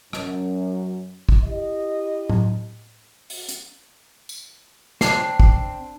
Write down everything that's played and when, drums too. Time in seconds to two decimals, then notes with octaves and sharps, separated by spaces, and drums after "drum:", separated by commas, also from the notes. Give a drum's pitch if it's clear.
0.13 F#2, drum: rim click
1.29 drum: kick
1.45 E4 G4 D#5
2.30 drum: tom A2
3.30 drum: open hi-hat
3.49 drum: hi-hat
4.29 drum: tambourine
5.01 C4 D4 C7, drum: snare
5.40 drum: kick